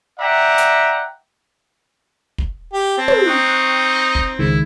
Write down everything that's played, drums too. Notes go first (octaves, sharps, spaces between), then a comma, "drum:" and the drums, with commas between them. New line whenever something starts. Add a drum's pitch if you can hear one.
D5 E5 F#5 G5 A#5
drum: hi-hat
drum: kick
G4
C4 A5
drum: tom
D#4 G5 C#6 F#6
drum: kick
C#2 D#3 G#3 E4